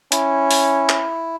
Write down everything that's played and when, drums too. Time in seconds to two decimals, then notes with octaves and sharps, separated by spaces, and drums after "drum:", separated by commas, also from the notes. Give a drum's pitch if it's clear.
0.12 C#4 E4, drum: hi-hat
0.51 drum: open hi-hat
0.89 drum: clap